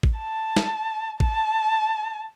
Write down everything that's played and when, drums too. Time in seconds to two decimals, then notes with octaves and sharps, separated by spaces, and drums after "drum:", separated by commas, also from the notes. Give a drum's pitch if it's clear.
0.03 drum: kick A1
0.18 A5
0.56 drum: snare
1.20 A5, drum: kick A1